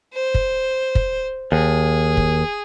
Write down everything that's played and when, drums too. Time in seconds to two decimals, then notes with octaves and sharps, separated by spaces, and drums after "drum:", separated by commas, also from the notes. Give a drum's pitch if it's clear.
0.14 C5
0.34 drum: kick
0.95 drum: kick
1.52 D#2 G#4
2.17 drum: kick